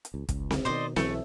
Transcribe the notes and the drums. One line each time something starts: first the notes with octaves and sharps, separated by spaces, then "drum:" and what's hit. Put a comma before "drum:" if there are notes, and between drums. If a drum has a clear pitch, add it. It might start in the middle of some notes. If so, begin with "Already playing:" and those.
drum: hi-hat
C#2
C#2, drum: kick, hi-hat
drum: snare C4
B2 D#3 C5 D5 D#5
B1 E3 F#3 A3, drum: snare C4